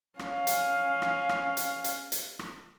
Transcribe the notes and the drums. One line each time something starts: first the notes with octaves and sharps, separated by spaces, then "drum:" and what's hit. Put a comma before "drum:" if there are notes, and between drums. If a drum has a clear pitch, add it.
C#4 F5, drum: rim click
drum: hi-hat
drum: rim click
drum: rim click
drum: hi-hat
drum: hi-hat
drum: hi-hat
drum: rim click